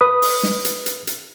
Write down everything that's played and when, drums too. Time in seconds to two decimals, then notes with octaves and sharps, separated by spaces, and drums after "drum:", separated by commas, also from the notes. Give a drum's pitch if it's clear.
0.01 B4 D#6
0.22 drum: open hi-hat
0.43 drum: snare
0.65 drum: hi-hat
0.86 drum: hi-hat
1.07 drum: hi-hat